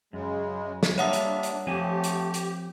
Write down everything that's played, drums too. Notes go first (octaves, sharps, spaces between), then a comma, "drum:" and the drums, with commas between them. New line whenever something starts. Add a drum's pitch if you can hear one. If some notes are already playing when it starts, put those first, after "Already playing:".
F#2 C#3 G#3
drum: snare
G3 A#3 D4 F4 C#5 E5 F#5 D#6
drum: hi-hat
drum: hi-hat
F3 A3 C4 G4 G#5
drum: hi-hat
drum: hi-hat